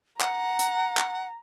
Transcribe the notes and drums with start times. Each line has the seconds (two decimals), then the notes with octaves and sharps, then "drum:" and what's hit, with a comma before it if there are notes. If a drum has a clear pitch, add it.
0.21 F#5 A#5, drum: clap
0.59 drum: hi-hat
0.97 drum: clap